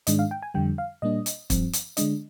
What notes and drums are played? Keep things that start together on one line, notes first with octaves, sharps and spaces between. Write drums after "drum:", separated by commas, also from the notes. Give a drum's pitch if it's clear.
G#2 D#3 G#3 D4 D#5, drum: hi-hat
F5
G5
G#5
F2 D3 G3 G5
F5
A#2 G3 A#3 D4 D#5
drum: hi-hat
G2 F3 C4, drum: kick, hi-hat
drum: hi-hat
D3 G#3 D4 D#5, drum: hi-hat